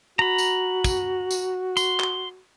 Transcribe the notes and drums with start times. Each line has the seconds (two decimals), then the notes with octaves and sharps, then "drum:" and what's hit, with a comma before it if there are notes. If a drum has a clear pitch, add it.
0.19 F#4 A#5 B5
0.38 drum: tambourine
0.84 drum: kick, tambourine
1.31 drum: tambourine
1.77 C6, drum: tambourine
2.00 drum: clap